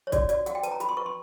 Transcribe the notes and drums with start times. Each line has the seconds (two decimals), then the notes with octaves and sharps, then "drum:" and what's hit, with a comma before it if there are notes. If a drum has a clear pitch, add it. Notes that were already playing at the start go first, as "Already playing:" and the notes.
0.07 C#5
0.12 F#4 D5, drum: kick C2, hi-hat
0.29 F#4 D5, drum: hi-hat
0.46 F#4 F#5, drum: hi-hat
0.55 G5
0.63 B4 A5, drum: hi-hat
0.71 A#5
0.80 F#4 B5, drum: hi-hat
0.89 C6
0.97 B4 C#6
1.06 C6